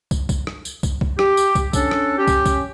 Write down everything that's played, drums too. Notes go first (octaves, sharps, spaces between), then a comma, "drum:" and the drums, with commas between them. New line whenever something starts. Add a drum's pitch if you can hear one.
drum: kick, tambourine
drum: kick, tambourine
drum: rim click
drum: tambourine
drum: kick, tambourine
drum: kick
G4, drum: rim click
drum: tambourine
drum: kick, tambourine
C#4 D4 A4, drum: kick, tambourine
drum: rim click
C#4 G4
drum: kick, tambourine
drum: kick, tambourine